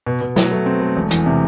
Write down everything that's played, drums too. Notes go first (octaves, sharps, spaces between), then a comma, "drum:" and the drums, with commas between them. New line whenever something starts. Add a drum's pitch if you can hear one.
B2
B2
F#3, drum: snare
A3
C4
A3
E1
E2, drum: hi-hat
C3